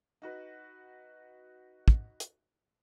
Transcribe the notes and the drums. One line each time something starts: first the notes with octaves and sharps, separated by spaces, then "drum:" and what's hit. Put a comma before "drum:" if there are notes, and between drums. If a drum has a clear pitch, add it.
D#4 F#4 B4
drum: kick
drum: hi-hat